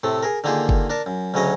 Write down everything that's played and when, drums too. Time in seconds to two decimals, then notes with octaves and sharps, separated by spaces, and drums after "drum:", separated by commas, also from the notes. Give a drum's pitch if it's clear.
0.03 A2 C3 A3
0.23 G#4 A#4
0.44 D3 D#3 A#3 F4 G4 G#4
0.69 drum: kick G1
0.90 D4 A#4 A5
1.06 F#2
1.34 D2 C#3 F#3 C#5 D#5